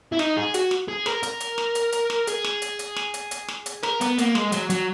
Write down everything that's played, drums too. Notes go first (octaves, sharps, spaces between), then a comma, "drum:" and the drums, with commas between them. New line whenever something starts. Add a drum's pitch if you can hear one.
E4
D#4, drum: snare
G#4
F#4, drum: hi-hat
drum: snare
G#4
A#4, drum: snare
A#4, drum: hi-hat
drum: hi-hat
drum: snare
drum: hi-hat
drum: hi-hat
drum: snare
G#4, drum: hi-hat
drum: snare
drum: hi-hat
drum: hi-hat
drum: snare
drum: hi-hat
drum: hi-hat
drum: snare
drum: hi-hat
A#4, drum: snare
B3, drum: hi-hat
A#3, drum: hi-hat
G#3, drum: snare
F#3, drum: hi-hat
F#3, drum: hi-hat